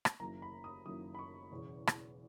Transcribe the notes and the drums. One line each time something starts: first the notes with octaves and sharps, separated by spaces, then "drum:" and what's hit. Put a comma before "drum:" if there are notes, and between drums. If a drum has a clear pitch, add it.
drum: rim click
F#1 F#2 D#3 A#3 E4 A#5
B5
D#6
F#1 F#2 D#3 A#3 E4 D#6
B5
C#6
E1 E2 C#3
drum: rim click